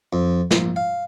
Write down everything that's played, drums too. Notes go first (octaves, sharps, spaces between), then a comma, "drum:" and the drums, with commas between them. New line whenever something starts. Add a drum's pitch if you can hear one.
F2
A#1, drum: snare
F5